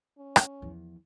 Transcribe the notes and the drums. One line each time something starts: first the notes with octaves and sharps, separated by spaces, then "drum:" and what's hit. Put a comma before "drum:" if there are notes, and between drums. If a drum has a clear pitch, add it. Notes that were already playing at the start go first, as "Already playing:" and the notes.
C#4
drum: rim click
E2 F3